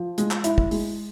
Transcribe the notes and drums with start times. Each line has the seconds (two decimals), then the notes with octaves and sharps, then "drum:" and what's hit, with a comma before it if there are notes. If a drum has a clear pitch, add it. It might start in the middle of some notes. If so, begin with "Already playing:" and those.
Already playing: F3
0.18 G#3, drum: hi-hat
0.31 drum: clap
0.44 E4, drum: hi-hat
0.58 drum: kick
0.71 G#3, drum: open hi-hat